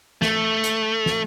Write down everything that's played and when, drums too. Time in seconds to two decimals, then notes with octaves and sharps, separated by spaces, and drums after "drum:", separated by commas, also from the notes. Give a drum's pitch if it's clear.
0.22 A3, drum: snare
0.64 drum: hi-hat
1.06 drum: snare